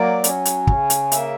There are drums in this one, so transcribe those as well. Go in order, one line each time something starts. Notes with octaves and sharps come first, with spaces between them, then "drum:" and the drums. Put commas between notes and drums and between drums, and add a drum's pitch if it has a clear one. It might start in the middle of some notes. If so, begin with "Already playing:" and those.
Already playing: F#3 A#3 D5
C#4, drum: hi-hat
drum: hi-hat
C#3, drum: kick
drum: hi-hat
A#3 E5, drum: hi-hat